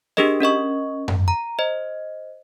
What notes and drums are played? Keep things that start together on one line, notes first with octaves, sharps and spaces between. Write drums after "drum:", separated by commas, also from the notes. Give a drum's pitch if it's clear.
D4 G4 G#4 A#4 D#5, drum: snare C4
C#4 A#4 D#5 C#6
drum: tom F#2
A#5
C5 D#5